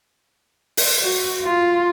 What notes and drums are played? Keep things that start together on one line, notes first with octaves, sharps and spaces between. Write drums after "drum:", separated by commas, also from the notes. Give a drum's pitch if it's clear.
drum: open hi-hat
F#4
F4